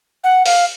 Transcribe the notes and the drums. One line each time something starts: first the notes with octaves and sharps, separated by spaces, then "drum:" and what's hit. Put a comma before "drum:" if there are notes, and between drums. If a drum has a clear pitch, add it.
F#5
F5, drum: open hi-hat